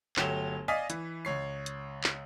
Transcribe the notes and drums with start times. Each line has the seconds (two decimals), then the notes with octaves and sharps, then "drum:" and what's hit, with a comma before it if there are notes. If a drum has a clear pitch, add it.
0.16 G1 F#3 A3 G4 E7 G7, drum: clap
0.68 D5 D#5 F5 G#5 D#6 B6
0.90 E3, drum: hi-hat
1.25 C#2 C#5 C7
1.66 drum: hi-hat
2.04 drum: clap